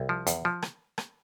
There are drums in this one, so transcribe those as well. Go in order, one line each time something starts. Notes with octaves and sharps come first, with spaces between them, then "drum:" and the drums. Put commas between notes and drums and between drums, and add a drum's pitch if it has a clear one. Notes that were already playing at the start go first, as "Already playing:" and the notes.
Already playing: C2
F3
E2, drum: hi-hat
F3
drum: rim click
drum: rim click